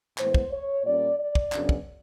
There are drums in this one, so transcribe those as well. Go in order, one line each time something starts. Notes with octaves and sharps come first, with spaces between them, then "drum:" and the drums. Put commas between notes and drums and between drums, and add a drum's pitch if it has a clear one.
A2 E3 G#3 B3 C5, drum: clap
drum: kick
C#5
A#2 G3 A#3 C#4 D5
D5
drum: kick
F#2 C#3 F#3 B3 D4, drum: clap
drum: kick